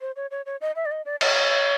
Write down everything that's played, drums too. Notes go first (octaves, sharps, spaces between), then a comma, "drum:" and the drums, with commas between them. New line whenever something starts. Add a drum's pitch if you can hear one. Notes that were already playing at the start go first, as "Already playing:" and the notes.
C5
C#5
C#5
C#5
D#5
E5
D5
D#5
D5
C#5, drum: cymbal